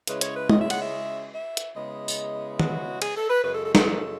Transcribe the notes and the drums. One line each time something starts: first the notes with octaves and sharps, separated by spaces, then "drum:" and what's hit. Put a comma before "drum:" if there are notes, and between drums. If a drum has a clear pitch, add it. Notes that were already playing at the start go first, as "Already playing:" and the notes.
C#3 G#3 C#4 E4 B4, drum: hi-hat
C#5, drum: hi-hat
B4
D#5, drum: tom
E5
F#5, drum: cymbal
E5
E5
drum: hi-hat
C#3 G#3 B3 E4 D#5
drum: tambourine
F#4, drum: tom
G#4, drum: cymbal
A4
B4
F#2 C#3 G#3 B4
A4
A4
A4, drum: snare